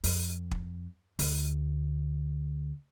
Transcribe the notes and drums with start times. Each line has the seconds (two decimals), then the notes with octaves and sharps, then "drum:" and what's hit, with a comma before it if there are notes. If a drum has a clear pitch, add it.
0.04 F2, drum: open hi-hat
0.51 drum: kick
1.19 D2, drum: open hi-hat